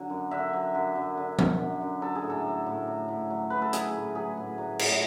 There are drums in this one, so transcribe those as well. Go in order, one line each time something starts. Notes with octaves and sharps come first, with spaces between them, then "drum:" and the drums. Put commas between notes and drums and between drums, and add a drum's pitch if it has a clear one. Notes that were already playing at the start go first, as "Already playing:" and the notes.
Already playing: D3 F#3
F#2
D3 E5
F#3
F#2
F#2
D3
F#3, drum: tom
F#2
F#2
F#3 A4
G#4
A2
A4
F#3
A2
F#3
A2
F#3
A2 B4
A4
F#3 G#4, drum: hi-hat
A2
F#3 G#4
A2
F#3
A2, drum: cymbal